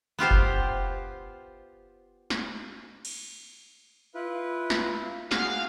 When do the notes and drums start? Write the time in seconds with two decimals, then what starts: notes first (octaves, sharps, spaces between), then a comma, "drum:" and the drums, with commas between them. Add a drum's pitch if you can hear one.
0.19 B3 F4 G4 C5
0.31 drum: kick F1
2.30 drum: snare
3.05 drum: cymbal
4.15 E4 F4 B4
4.70 drum: snare
5.31 F#4 G#4 F5, drum: snare